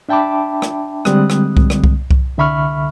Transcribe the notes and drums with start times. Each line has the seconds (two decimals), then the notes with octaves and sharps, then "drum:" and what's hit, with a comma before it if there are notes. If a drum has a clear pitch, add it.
0.09 D4 E5 G5 A5 B5 D6
0.62 drum: rim click
1.05 D3 G3 G#3 C4 D#6 F#6, drum: rim click
1.30 drum: rim click
1.57 drum: kick C2
1.70 drum: rim click
1.84 drum: kick C2
2.11 drum: kick C2
2.38 C2 D3 E5 B5 C#6 F6